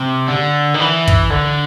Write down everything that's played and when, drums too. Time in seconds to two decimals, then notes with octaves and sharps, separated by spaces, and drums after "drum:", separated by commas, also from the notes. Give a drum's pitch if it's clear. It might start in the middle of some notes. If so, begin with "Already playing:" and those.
Already playing: C3
0.28 D3
0.74 D#3
0.80 E3
1.08 drum: kick
1.31 D3